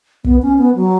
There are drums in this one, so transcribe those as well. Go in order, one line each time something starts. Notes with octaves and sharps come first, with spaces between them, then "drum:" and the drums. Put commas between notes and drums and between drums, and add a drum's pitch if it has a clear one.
B3, drum: kick
C#4
B3
F#3